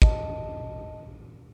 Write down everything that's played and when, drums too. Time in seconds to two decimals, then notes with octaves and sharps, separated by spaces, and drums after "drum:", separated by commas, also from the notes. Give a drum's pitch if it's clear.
0.02 D#5 G5 A5, drum: kick